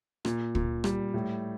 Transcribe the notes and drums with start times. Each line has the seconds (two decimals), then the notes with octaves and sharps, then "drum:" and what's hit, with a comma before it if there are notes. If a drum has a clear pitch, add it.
0.25 A#2, drum: rim click
0.55 A#2, drum: kick
0.84 G3, drum: rim click
1.14 A2